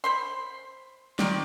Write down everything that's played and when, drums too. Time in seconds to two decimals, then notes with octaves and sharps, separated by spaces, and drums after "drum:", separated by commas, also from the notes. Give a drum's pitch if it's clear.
0.04 C5 B5 C6
1.19 D#3 C4 D5, drum: snare